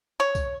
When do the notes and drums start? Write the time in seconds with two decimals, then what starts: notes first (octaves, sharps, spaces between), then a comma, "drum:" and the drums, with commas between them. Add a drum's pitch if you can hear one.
0.20 C#5
0.35 drum: kick C2, tambourine